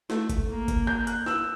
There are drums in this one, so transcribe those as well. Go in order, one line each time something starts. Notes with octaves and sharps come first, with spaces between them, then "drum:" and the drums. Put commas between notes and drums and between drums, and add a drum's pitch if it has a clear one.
A3, drum: snare
drum: kick, hi-hat
A#3
drum: kick, hi-hat
G6
F#6, drum: hi-hat
E6, drum: snare